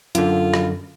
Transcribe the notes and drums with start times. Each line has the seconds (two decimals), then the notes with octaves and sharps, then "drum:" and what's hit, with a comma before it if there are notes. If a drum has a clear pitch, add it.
0.15 F#2 D3 F4, drum: hi-hat
0.54 drum: rim click